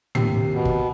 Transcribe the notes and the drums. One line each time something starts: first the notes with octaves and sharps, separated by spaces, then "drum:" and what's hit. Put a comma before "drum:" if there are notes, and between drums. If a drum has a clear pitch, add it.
D#2 C3 C7, drum: tom
B2
drum: kick